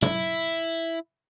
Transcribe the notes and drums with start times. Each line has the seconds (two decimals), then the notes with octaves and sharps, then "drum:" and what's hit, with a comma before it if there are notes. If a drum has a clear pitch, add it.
0.02 E4, drum: tom